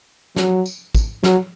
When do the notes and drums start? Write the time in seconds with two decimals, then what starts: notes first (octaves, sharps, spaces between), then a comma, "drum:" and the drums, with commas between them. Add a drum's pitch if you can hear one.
0.36 F#3, drum: snare
0.66 drum: tambourine
0.95 drum: kick, tambourine
1.24 F#3, drum: snare